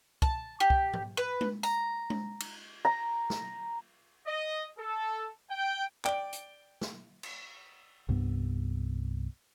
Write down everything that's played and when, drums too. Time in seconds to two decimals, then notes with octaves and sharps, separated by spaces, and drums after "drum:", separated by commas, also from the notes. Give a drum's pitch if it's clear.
0.22 A5, drum: kick
0.60 G4
0.70 drum: kick
0.93 drum: tom G#2
1.17 B4
1.41 drum: tom G#3
1.63 A#5, drum: tambourine
2.10 drum: tom G#3
2.40 drum: cymbal
2.85 A#5
3.30 drum: snare
4.26 D#5
4.78 A4
5.50 G5
6.05 D5 G5, drum: clap
6.33 drum: hi-hat
6.81 drum: snare
7.23 drum: cymbal
8.09 C2 G2 B3